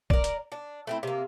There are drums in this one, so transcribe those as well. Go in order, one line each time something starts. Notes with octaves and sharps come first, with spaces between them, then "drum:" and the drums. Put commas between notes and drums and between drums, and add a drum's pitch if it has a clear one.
A#4 D5, drum: kick
drum: hi-hat
D4
A3 C4 E4
C3 A#3